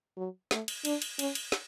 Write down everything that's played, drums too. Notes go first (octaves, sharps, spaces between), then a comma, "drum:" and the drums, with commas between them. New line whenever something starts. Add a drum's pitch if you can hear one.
F#3
A3, drum: snare
drum: cymbal
D4, drum: cymbal
drum: cymbal
C#4, drum: cymbal
drum: cymbal
drum: snare